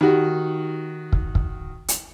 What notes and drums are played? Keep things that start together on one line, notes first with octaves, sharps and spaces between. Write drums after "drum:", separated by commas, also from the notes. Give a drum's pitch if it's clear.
D#3 D#4 F#4 G4
drum: kick
drum: kick
drum: hi-hat